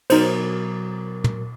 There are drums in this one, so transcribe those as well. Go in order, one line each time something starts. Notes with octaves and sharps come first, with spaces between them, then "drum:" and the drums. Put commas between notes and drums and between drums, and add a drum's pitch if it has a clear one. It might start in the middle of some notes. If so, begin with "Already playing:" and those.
B2 F#3 D#4 A#4 C5, drum: cymbal
drum: tom